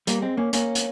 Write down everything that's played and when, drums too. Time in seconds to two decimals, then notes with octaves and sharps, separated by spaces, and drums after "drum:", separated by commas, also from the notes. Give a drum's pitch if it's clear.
0.07 G3 A#3, drum: hi-hat
0.22 G#3 C4
0.37 A#3 C#4
0.53 A#3 C#4, drum: hi-hat
0.75 drum: hi-hat